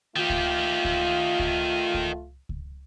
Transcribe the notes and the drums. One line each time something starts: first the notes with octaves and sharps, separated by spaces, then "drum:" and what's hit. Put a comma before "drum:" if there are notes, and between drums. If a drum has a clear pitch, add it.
D#3 A3 F4 G4
drum: kick C#2
drum: kick C#2
drum: kick C#2
drum: kick C#2
drum: kick C#2